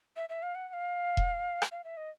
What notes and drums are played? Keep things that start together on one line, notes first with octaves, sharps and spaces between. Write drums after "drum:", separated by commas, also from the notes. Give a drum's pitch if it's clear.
E5
E5
F5
F#5
F#5
F5
drum: kick E1
drum: rim click
F5
E5
D#5